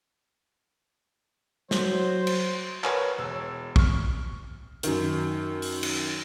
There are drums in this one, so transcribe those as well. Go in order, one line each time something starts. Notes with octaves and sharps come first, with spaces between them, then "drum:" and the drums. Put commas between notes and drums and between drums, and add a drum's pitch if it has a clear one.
F#3 C5, drum: snare
drum: cymbal
A#4 B4 C#5 F#5 G#5, drum: clap
E1 E6
C#6 F6, drum: kick
F#2 D#3, drum: hi-hat
drum: open hi-hat
drum: cymbal